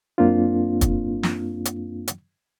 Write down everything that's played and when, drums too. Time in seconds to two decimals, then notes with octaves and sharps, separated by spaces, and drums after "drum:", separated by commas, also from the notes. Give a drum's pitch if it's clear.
0.18 F#2 A#3 C4 D4 F4
0.81 drum: kick, hi-hat
1.23 drum: snare
1.65 drum: hi-hat
2.08 drum: hi-hat